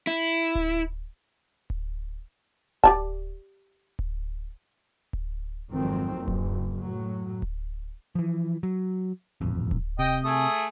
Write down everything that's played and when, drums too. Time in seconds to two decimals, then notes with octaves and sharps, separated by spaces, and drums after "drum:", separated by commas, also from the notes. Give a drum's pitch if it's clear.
0.07 E4
0.55 drum: kick D1
1.70 drum: kick D1
2.84 G4 D5 A5, drum: kick D1
3.99 drum: kick D1
5.13 drum: kick D1
5.70 G#1 F2 D#3 F#3 C4
6.17 F#1
6.28 drum: kick D1
6.80 A2 F#3
7.42 drum: kick D1
8.15 E3 F3
8.63 F#3
9.41 D#1 A1 F2
9.71 drum: kick D1
9.99 C3 D#5 G5
10.24 A3 G#4 D#6